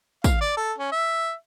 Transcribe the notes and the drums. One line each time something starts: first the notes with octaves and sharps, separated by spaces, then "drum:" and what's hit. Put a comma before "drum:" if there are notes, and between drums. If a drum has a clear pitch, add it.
F5, drum: kick, tambourine
D5
A4
C#4
E5